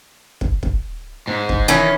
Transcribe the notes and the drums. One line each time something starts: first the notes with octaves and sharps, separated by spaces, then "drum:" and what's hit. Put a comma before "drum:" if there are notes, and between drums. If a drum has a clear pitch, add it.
drum: kick
drum: kick
G#2
drum: kick
D#3 E3 C#4